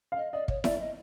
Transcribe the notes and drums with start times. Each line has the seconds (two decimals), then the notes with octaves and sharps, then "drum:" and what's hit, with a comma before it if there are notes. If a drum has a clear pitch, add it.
0.12 F5
0.16 D#5
0.32 D5 D#5
0.48 C#5, drum: kick
0.64 D5 E5, drum: snare E4
0.80 D#5